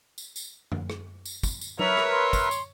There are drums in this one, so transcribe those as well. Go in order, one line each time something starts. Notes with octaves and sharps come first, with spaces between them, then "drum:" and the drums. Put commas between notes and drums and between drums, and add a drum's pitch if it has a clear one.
drum: tambourine
drum: tambourine
drum: tom F#2
drum: rim click
drum: tambourine
drum: kick, tambourine
drum: tambourine
A#4 B4 C#5 E5 F7, drum: tom F#3
drum: rim click
C6
drum: kick, tambourine
drum: tambourine